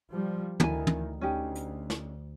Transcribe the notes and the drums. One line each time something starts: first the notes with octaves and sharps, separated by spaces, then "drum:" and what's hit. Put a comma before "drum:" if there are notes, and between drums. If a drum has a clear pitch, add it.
F3 G3
D2 D#3 E4 G#5, drum: tom
drum: tom
D2 C#4 D#4 G4
drum: hi-hat
drum: snare